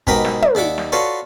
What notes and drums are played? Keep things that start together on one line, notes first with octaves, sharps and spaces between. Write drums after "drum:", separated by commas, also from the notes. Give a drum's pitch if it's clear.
G#2 B2 G4 A#4 B4 B5, drum: kick
drum: snare
drum: tom
D#2 D5 E5 F#5 D6
drum: snare
F4 F#4 A4 B4 C#5 D5